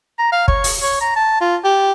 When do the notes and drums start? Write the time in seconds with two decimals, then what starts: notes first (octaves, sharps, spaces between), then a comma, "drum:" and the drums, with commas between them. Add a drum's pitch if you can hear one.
0.19 A#5
0.32 F5
0.48 C#5, drum: kick
0.64 drum: open hi-hat
0.82 C#5
1.01 A#5
1.16 A5
1.41 F4
1.64 G4